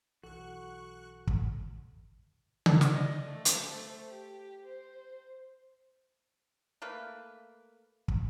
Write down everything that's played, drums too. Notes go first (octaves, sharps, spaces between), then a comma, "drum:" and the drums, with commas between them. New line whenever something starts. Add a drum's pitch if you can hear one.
B1 E3 F#4 A4 C#6 F#6
drum: kick
drum: tom C#3
drum: snare
D5 D#5
A3
drum: hi-hat
A3 C5
G4
C5
A3 A#3 B4
drum: kick